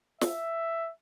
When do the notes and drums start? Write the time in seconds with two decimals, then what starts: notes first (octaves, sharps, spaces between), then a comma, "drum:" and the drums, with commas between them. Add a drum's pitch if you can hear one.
0.21 E5, drum: snare